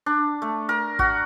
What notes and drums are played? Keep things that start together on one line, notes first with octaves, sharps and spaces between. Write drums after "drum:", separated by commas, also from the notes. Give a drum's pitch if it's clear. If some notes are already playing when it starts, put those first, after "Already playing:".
D4
A3
A#4
F#4, drum: kick G#1